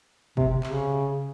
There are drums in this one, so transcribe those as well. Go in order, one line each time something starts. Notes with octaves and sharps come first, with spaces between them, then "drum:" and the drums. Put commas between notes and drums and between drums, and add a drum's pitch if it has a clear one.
C3, drum: kick
C#3, drum: clap